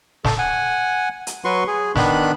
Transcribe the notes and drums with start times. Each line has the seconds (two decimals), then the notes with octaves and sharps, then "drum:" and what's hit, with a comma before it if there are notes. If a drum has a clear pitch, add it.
0.25 A4, drum: snare
0.38 F#5 G#5
1.27 drum: hi-hat
1.45 F#3 F#4 B4 C6 C#6
1.67 G#4
1.96 D#3 B3 D4 B5 F#6, drum: snare